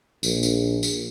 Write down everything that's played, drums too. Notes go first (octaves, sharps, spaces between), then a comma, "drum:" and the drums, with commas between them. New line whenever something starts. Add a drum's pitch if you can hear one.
A#1, drum: tambourine
drum: tambourine
drum: tambourine